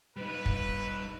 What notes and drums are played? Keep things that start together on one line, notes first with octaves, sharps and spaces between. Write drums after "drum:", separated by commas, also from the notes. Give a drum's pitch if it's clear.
G3 D#4 B4
drum: kick